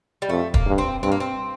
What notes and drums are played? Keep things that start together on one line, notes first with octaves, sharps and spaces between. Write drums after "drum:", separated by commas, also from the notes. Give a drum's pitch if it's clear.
G3
F2 A3
A#3, drum: kick
G2
C4
G2 C4
A#3
C4